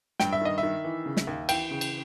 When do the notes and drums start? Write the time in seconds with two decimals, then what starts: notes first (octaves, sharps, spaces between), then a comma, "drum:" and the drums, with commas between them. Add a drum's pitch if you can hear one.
0.20 G2 G5, drum: snare
0.33 E5
0.41 D#3 D#5
0.58 E5
0.63 D#3
0.85 E3
1.06 C#3
1.17 drum: snare
1.27 D#2
1.49 E3 G5, drum: cymbal
1.71 C#3
1.81 drum: cymbal